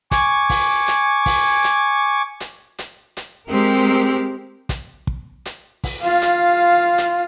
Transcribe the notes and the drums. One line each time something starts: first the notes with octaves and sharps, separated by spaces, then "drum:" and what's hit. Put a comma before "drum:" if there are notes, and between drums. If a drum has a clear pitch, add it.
G#5 C#6 D6, drum: kick, hi-hat
drum: kick, open hi-hat
drum: hi-hat
drum: kick, open hi-hat
drum: hi-hat
drum: hi-hat
drum: hi-hat
drum: hi-hat
G#3 C4 G4 A#4
drum: kick, hi-hat
drum: kick
drum: hi-hat
drum: kick, open hi-hat
F4 F5
drum: hi-hat
drum: hi-hat